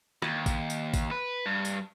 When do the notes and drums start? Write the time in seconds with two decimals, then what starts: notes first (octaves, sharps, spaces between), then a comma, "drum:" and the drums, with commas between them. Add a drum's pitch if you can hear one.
0.22 D#2, drum: rim click
0.46 drum: kick, tambourine
0.70 drum: tambourine
0.94 drum: kick, tambourine
1.11 B4
1.46 G2
1.65 drum: tambourine